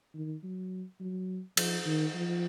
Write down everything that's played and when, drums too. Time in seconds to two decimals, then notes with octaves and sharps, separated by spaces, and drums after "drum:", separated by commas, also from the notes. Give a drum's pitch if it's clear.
0.15 D#3
0.43 F#3
1.00 F#3
1.57 F3, drum: cymbal
1.86 D#3
2.14 F3